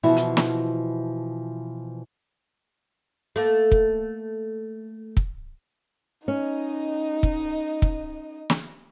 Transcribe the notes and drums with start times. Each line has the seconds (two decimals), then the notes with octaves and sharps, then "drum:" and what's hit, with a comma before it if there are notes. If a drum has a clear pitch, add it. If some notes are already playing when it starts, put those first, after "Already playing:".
0.03 B2 E3 F3 E4 F#4
0.16 drum: hi-hat
0.37 drum: snare
3.36 A3 A#3
3.72 drum: kick
5.17 drum: kick
6.28 C#4 D#4 D#5
7.23 drum: kick
7.82 drum: kick
8.50 drum: snare